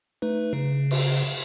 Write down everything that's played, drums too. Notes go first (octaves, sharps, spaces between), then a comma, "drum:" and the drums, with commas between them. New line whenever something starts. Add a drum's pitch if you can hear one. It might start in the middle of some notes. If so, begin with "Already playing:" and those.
A3 D#4 B4
C#3
drum: cymbal